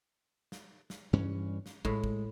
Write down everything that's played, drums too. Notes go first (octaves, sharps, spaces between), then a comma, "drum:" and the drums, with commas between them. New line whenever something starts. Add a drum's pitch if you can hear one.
drum: snare
drum: snare
G2 E3 C#4
drum: snare
A2 G#3, drum: kick
drum: kick